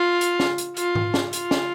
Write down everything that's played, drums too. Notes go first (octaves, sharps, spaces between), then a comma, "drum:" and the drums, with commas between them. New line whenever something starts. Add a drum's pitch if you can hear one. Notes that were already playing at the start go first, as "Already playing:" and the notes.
Already playing: F4
drum: hi-hat
drum: snare
drum: hi-hat
F4, drum: hi-hat
drum: tom G#2
drum: snare
F4, drum: hi-hat
drum: snare